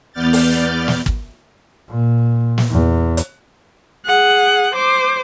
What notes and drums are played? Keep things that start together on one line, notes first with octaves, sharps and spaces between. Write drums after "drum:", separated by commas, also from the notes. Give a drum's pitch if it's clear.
E2 B3 D5 F6 G6 A6
drum: open hi-hat
drum: snare
drum: kick
A#2
drum: snare
E2
drum: hi-hat
G#4 F#5
C5 D6